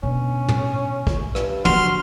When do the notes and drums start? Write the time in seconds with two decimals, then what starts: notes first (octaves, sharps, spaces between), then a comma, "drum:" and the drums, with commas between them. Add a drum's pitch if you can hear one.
0.03 B2 D3 C#4
0.48 drum: tom
1.07 drum: kick
1.35 G2, drum: rim click
1.65 D3 F3 F#4 C6 F6, drum: tom